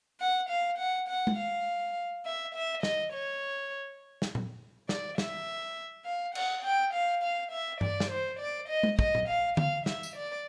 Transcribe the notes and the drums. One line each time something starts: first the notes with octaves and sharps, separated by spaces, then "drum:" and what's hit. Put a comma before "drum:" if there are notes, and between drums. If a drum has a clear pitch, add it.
F#5
F5
F#5
F#5
drum: tom G#3
F5
E5
E5
D#5, drum: snare
C#5
drum: snare
drum: tom A#2
D5, drum: snare
E5, drum: snare
F5
F#5, drum: cymbal
G5
F5
F5
E5
D5, drum: tom G2
drum: snare
C5
D5
D#5
drum: tom G#3
D#5, drum: kick
drum: tom A#2
F5
F5, drum: tom D3
E5, drum: snare
drum: tambourine
D5